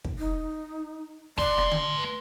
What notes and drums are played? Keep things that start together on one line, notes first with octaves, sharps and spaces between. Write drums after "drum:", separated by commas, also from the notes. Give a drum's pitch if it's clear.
drum: kick
D#4
A3 D5 C6, drum: kick
drum: rim click
drum: tom D3
B4